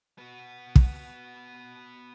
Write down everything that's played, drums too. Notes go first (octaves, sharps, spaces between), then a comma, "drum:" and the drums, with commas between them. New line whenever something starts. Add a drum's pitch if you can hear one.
B3 F#4
drum: kick